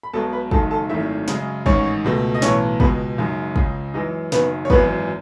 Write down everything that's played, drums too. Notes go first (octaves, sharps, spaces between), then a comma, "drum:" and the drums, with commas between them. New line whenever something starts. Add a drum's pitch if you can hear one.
B5
B1 B2 G#3 A4 A5
B4 B5
F#1 F#2 D#3 G#3 A4 A5, drum: kick
A4 A5
G#1 F#2 D#3 A3 E4 E5
F#2 C#3 G#3, drum: snare
A1 G#2 D#3 G#3 C#4 C#5, drum: kick
C#2 B2 A3
D#5
B1 A2 E3 C#4 C#5, drum: snare
C#2 B2 G#3 B3 B4, drum: kick
F#1 F#2 D#3 G#3
C#2 C#3 G#3, drum: kick
F#2 E3 G#3 D#4 D#5
F#1 F#2 D#3 B3 B4, drum: snare
C#5
G#1 F#2 E3 G#3 B3 B4, drum: kick